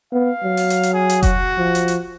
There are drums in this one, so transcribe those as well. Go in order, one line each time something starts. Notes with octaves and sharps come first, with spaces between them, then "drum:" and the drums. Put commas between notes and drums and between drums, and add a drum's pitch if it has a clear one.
B3 F5
F#3
drum: open hi-hat
drum: hi-hat
drum: hi-hat
G#4
drum: hi-hat
F#4, drum: kick F1, hi-hat
F3
drum: hi-hat
drum: hi-hat